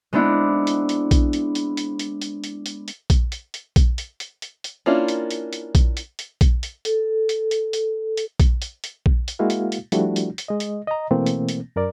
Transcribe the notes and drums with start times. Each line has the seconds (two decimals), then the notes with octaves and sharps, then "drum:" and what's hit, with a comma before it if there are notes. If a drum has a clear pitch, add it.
0.13 G#3 B3 C4 D4 E4
0.67 drum: hi-hat
0.89 drum: hi-hat
1.11 drum: kick A#1, hi-hat
1.33 drum: hi-hat
1.55 drum: hi-hat
1.77 drum: hi-hat
1.99 drum: hi-hat
2.22 drum: hi-hat
2.44 drum: hi-hat
2.66 drum: hi-hat
2.88 drum: hi-hat
3.10 drum: kick A#1, hi-hat
3.32 drum: hi-hat
3.54 drum: hi-hat
3.76 drum: kick A#1, hi-hat
3.98 drum: hi-hat
4.20 drum: hi-hat
4.42 drum: hi-hat
4.64 drum: hi-hat
4.86 A#3 C#4 D4 E4 F4
5.08 drum: hi-hat
5.31 drum: hi-hat
5.53 drum: hi-hat
5.75 drum: kick A#1, hi-hat
5.97 drum: hi-hat
6.19 drum: hi-hat
6.41 drum: kick A#1, hi-hat
6.63 drum: hi-hat
6.85 A4, drum: hi-hat
7.29 drum: hi-hat
7.51 drum: hi-hat
7.73 drum: hi-hat
8.17 drum: hi-hat
8.40 drum: kick A#1, hi-hat
8.62 drum: hi-hat
8.84 drum: hi-hat
9.06 drum: kick A#1
9.28 drum: hi-hat
9.39 G#3 A#3 E4 F#4 F5
9.50 drum: hi-hat
9.72 drum: hi-hat
9.92 F3 G3 A3 D4 E4 F#4, drum: hi-hat
10.16 drum: hi-hat
10.38 drum: hi-hat
10.48 G#3 D#5
10.60 drum: hi-hat
10.87 D#5 A#5
11.11 B2 E3 A3 A#3 C4
11.26 drum: hi-hat
11.49 drum: hi-hat
11.76 F#2 A#4 D5